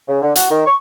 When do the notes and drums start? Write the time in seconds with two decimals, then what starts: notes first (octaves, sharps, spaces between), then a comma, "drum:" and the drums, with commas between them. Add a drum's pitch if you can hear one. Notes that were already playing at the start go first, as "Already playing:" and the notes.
0.08 C#3
0.22 D3
0.36 F#4, drum: hi-hat
0.51 D#3
0.66 C#6